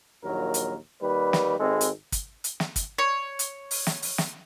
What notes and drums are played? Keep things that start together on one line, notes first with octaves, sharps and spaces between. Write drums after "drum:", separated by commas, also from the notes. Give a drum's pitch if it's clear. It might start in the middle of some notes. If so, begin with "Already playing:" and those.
A#1 D#2 F#3 A#4
drum: hi-hat
D#2 G3 B4
drum: snare
G#1 G#3 C4 A4
drum: hi-hat
drum: kick, hi-hat
drum: hi-hat
drum: snare
drum: kick, hi-hat
C#5
drum: hi-hat
drum: open hi-hat
drum: snare
drum: open hi-hat
drum: snare